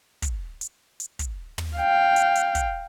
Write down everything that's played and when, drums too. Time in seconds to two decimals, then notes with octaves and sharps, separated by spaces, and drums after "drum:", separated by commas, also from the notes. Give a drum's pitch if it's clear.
0.22 drum: kick, hi-hat
0.61 drum: hi-hat
1.00 drum: hi-hat
1.19 drum: kick, hi-hat
1.58 drum: tom
1.77 F5 G5
2.16 drum: hi-hat
2.35 drum: hi-hat
2.55 drum: kick, hi-hat